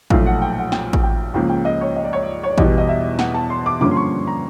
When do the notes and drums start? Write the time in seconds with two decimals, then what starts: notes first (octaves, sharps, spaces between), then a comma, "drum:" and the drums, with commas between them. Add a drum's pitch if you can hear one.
0.10 B1 A#2 F3 A3 F5, drum: kick A1
0.26 F#5
0.42 G5
0.58 F#5
0.72 G5, drum: snare
0.93 drum: kick A1
1.03 G5
1.34 C#2 C#3 F3 A#3 C#4 G5
1.49 G5
1.65 D#5
1.81 C#5
1.96 D#5
2.04 D5
2.13 C#5
2.22 D5
2.43 C#5
2.51 D5
2.58 E2 B2 G3 D#5, drum: kick A1
2.78 D#5
2.89 E5
3.19 F#5, drum: snare
3.34 A5
3.50 C6
3.66 D6
3.81 G2 D3 F3 A#3 C#4 D6
3.91 C6
3.96 C#6
4.27 A#5